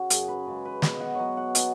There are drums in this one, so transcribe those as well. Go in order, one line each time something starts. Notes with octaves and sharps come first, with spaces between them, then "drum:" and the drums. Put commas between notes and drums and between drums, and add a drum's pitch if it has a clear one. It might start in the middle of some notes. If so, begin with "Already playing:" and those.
Already playing: C#3 F#4
F#2 G#4, drum: hi-hat
B4
C#3 G#3
B4
B2 D#5, drum: snare
F#5
F#3 C#5 D#5
F#5
B2 D#5, drum: hi-hat